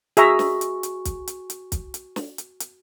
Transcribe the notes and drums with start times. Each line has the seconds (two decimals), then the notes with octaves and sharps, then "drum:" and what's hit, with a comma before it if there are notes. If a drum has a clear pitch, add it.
0.17 F#4 G#4 E5 G#5 A#5 C#6, drum: hi-hat
0.39 drum: snare
0.61 drum: hi-hat
0.83 drum: hi-hat
1.05 drum: kick, hi-hat
1.27 drum: hi-hat
1.50 drum: hi-hat
1.72 drum: kick, hi-hat
1.94 drum: hi-hat
2.16 drum: snare
2.38 drum: hi-hat
2.60 drum: hi-hat